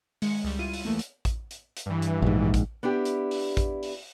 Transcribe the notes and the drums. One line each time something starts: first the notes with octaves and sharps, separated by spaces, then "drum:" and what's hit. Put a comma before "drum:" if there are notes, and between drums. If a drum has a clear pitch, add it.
D#3 G#3 C#7, drum: open hi-hat
C#2 G3
E4 F4 D#7
drum: open hi-hat
D#2 E3 A3 A#3
drum: hi-hat
drum: kick A1, hi-hat
drum: hi-hat
drum: hi-hat
G2 E3
drum: hi-hat
A#1 G#2
drum: kick A1, hi-hat
B3 D4 E4 G4
drum: hi-hat
drum: open hi-hat
drum: kick A1, hi-hat
drum: open hi-hat